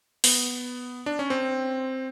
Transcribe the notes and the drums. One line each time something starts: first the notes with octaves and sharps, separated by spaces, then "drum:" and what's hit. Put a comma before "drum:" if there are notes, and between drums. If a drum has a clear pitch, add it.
B3, drum: open hi-hat
D4
C#4
C4